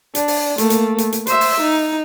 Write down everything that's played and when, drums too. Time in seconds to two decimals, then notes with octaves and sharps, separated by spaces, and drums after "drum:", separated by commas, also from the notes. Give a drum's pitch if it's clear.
0.15 D4, drum: hi-hat
0.28 drum: open hi-hat
0.58 A3 A#3, drum: hi-hat
0.70 drum: hi-hat
0.98 drum: hi-hat
1.12 drum: hi-hat
1.27 C5 E5, drum: hi-hat
1.41 drum: open hi-hat
1.60 D#4